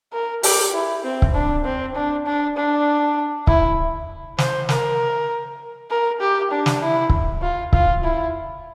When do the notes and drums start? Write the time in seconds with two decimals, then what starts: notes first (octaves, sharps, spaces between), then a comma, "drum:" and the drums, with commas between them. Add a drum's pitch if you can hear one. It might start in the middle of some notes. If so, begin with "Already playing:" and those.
0.13 A#4
0.43 G4, drum: open hi-hat
0.74 E4
1.04 C4
1.22 drum: kick C#1
1.34 D4
1.65 C4
1.95 D4
2.26 D4
2.56 D4
3.47 E4, drum: kick C#1
4.38 C5, drum: snare
4.69 A#4, drum: snare
5.90 A#4
6.20 G4
6.51 D4
6.66 drum: snare
6.81 E4
7.09 drum: kick C#1
7.42 F4
7.73 F4, drum: kick C#1
8.04 E4